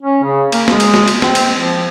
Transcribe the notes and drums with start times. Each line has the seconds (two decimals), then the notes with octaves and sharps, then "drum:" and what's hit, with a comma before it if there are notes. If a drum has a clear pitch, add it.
0.02 C#4
0.23 C#3
0.52 A#3, drum: cymbal
0.68 G#3, drum: snare
0.80 drum: cymbal
0.94 drum: snare
1.08 drum: cymbal
1.22 C4, drum: snare
1.35 drum: cymbal
1.54 F3